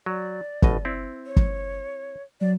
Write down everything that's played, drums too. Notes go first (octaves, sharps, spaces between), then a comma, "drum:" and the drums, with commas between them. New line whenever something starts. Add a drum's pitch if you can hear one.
F#3 D5
A1 B2 D#5, drum: kick
C4 E4
C#5
drum: kick
F#3 D5